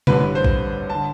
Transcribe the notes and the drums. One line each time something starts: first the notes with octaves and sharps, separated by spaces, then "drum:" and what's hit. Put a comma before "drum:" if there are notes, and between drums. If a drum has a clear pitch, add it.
A1 G2 D3 B4, drum: tom
C5
drum: kick
A5
D3